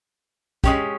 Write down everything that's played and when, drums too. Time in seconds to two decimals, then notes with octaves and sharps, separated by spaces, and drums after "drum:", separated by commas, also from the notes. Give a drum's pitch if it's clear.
0.64 G#3 C#4 G4, drum: kick, hi-hat